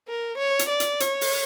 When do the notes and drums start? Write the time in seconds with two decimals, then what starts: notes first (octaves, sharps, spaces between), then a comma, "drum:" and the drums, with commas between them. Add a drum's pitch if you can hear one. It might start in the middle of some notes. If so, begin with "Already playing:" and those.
0.08 A#4
0.38 C#5
0.59 drum: hi-hat
0.69 D5
0.80 drum: hi-hat
1.00 C#5, drum: hi-hat
1.21 drum: open hi-hat